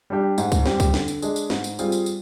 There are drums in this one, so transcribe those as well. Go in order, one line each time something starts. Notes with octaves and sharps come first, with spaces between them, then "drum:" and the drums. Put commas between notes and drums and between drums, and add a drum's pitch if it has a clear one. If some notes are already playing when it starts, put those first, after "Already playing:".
G3 D4 G4
G#2, drum: tambourine
drum: kick C#2, tambourine
G3 C4 G4, drum: snare
drum: kick C#2, tambourine
D3, drum: snare
drum: tambourine
G#3 D4 G#4, drum: tambourine
drum: tambourine
G#2, drum: snare
drum: tambourine
G3 C4 F4 G#4, drum: tambourine
drum: tambourine
drum: tambourine